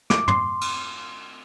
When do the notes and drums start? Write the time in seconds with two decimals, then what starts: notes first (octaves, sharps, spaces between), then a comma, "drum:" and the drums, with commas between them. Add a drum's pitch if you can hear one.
0.10 D6, drum: snare
0.28 C6, drum: tom
0.61 drum: cymbal